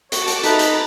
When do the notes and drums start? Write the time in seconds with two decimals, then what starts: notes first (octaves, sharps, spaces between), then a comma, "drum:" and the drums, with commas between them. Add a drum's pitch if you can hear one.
0.12 F#4 C#5 A5 D6, drum: hi-hat
0.28 drum: hi-hat
0.43 D#4 A4 B4 E5 A#5 B5 A6, drum: hi-hat
0.59 drum: hi-hat